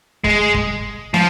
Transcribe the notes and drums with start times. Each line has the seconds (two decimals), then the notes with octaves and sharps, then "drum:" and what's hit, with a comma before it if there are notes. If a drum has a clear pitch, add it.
0.24 G#3, drum: kick
0.54 drum: kick
1.14 F3, drum: snare